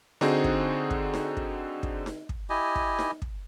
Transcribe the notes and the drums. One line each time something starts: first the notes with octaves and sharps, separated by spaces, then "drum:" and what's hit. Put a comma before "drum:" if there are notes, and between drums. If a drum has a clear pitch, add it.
D3 C4 D#4 F#4 G#4 C5, drum: snare D#4
drum: kick
drum: kick
drum: snare D#4
drum: kick
drum: kick
drum: snare D#4
drum: kick
E4 G4 D#5 G#5
drum: kick
drum: snare D#4
drum: kick